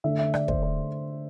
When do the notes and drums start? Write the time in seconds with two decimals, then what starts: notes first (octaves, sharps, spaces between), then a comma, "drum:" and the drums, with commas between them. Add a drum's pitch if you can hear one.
0.04 D3 A3 D4 E5
0.19 E5
0.34 D5, drum: rim click
0.48 C5, drum: kick
0.63 C5